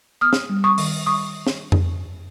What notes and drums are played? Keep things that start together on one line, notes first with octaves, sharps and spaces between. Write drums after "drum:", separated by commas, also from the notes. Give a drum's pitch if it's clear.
B3 D#6 F6
drum: snare
G3
C#6 D#6
D#3, drum: open hi-hat
G3 C#6 D#6
drum: snare
drum: tom F2